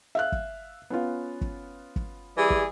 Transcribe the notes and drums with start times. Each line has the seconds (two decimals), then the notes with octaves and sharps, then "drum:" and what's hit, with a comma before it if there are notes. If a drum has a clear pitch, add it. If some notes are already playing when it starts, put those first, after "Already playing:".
0.15 E5 F5 F#6
0.32 drum: kick
0.90 B3 C#4 F4
1.41 drum: kick
1.96 drum: kick
2.37 E3 G3 G#4
2.50 drum: kick